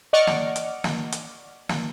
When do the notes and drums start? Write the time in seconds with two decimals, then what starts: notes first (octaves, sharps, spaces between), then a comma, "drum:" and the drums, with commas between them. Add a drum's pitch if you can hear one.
0.13 D5 D#5 F#5 C#6 D6 F6
0.27 drum: snare
0.56 drum: hi-hat
0.84 drum: snare
1.12 drum: hi-hat
1.69 drum: snare